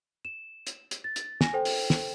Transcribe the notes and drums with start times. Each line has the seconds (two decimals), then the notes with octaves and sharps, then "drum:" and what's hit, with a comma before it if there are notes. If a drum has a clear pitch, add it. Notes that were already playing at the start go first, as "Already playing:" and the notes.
0.25 E7
0.67 drum: hi-hat
0.91 drum: hi-hat
1.04 A6
1.16 drum: hi-hat
1.41 G#5 A#6, drum: snare
1.53 A4 C5 G5
1.65 drum: open hi-hat
1.90 drum: snare